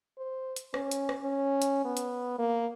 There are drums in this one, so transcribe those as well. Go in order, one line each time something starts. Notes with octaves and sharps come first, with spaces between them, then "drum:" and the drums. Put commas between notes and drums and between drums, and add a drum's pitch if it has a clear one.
C5
drum: hi-hat
C#4, drum: rim click
drum: hi-hat
drum: rim click
C#4
drum: hi-hat
B3
drum: hi-hat
A#3